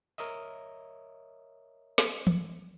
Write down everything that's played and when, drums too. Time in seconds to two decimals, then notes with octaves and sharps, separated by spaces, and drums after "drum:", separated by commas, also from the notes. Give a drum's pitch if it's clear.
0.18 A#4 C#5 D#5 E5
1.98 drum: snare
2.27 drum: tom